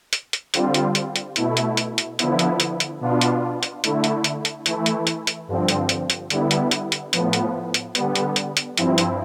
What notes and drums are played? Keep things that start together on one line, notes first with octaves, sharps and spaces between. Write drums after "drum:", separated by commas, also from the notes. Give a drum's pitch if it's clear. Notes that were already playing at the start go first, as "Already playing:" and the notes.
drum: hi-hat
drum: hi-hat
D3 G3 C4 F4, drum: hi-hat
drum: hi-hat
drum: hi-hat
drum: hi-hat
B2 A3 E4, drum: hi-hat
drum: hi-hat
drum: hi-hat
drum: hi-hat
D3 F3 B3 E4, drum: hi-hat
drum: hi-hat
drum: hi-hat
drum: hi-hat
B2 B3 D4 F4
drum: hi-hat
drum: hi-hat
D3 A3 E4, drum: hi-hat
drum: hi-hat
drum: hi-hat
drum: hi-hat
E3 A3 E4, drum: hi-hat
drum: hi-hat
drum: hi-hat
drum: hi-hat
G2 D3 F3 C4
drum: hi-hat
drum: hi-hat
drum: hi-hat
D3 G3 B3 E4, drum: hi-hat
drum: hi-hat
drum: hi-hat
drum: hi-hat
A2 F3 B3, drum: hi-hat
drum: hi-hat
drum: hi-hat
D3 G3 B3, drum: hi-hat
drum: hi-hat
drum: hi-hat
drum: hi-hat
G2 F3 C4 E4, drum: hi-hat
drum: hi-hat